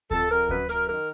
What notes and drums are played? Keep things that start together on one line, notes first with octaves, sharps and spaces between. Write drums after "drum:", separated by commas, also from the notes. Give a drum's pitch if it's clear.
F2 A4, drum: kick D2
F2 A#4
F#2 B4, drum: kick D2
F#2 A#4, drum: hi-hat
D#3 A#4